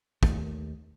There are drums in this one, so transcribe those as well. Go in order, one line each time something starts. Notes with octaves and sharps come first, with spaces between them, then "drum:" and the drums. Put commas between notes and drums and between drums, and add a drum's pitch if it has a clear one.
D#2 A3, drum: kick